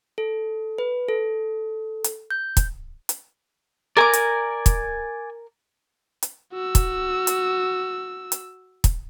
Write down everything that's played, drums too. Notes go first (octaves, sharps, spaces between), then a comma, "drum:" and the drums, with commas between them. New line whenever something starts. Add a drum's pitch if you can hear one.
A4
B4
A4
drum: hi-hat
G6
drum: kick, hi-hat
drum: hi-hat
A#4 D5 G#5 D6
drum: hi-hat
drum: kick, hi-hat
drum: hi-hat
F#4 E6
drum: kick, hi-hat
drum: hi-hat
drum: hi-hat
drum: kick, hi-hat